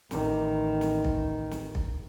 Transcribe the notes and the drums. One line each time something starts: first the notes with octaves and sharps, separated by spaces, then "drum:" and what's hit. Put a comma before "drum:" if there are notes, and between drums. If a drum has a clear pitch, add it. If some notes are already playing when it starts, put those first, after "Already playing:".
A1 D#3, drum: snare
drum: snare
drum: kick B1
drum: snare
drum: kick B1